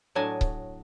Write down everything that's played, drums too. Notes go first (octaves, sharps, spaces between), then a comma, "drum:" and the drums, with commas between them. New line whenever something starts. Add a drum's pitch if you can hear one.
A2 F#3 D4 D#5 G#5 A5
drum: kick C#1